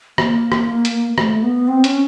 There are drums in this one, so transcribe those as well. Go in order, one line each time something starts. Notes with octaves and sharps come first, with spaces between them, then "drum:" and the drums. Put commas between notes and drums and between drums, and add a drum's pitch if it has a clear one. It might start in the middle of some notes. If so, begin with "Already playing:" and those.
A#3, drum: rim click
drum: rim click
drum: hi-hat
A3, drum: rim click
B3
C4
C#4, drum: hi-hat